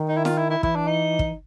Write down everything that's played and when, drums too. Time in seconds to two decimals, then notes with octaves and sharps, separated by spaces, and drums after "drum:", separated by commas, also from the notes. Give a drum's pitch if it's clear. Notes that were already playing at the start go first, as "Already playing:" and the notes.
Already playing: D#3
0.09 D#4
0.17 E4
0.25 F4, drum: snare
0.38 E4
0.50 E4
0.63 E3 E4, drum: kick
0.75 D4
0.88 D#4
1.19 drum: kick